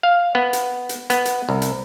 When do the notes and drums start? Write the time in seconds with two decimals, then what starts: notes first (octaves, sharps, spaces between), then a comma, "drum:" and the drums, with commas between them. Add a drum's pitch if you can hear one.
0.03 F5
0.35 B3
0.53 drum: hi-hat
0.89 drum: hi-hat
1.10 B3, drum: hi-hat
1.25 drum: hi-hat
1.49 C2
1.62 drum: hi-hat